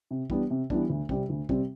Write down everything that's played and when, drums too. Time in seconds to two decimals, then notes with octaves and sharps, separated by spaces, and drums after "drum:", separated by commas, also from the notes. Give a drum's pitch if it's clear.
0.11 C3
0.30 E3 G3 B3 D4, drum: kick
0.50 C3
0.70 E3 G3 B3 D4, drum: kick
0.90 D2
1.09 C3 G3 C4, drum: kick
1.29 D2
1.49 C3 G3 C4, drum: kick